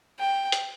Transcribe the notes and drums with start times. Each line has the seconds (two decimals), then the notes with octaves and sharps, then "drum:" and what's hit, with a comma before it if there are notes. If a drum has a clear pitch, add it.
0.20 G5
0.52 drum: hi-hat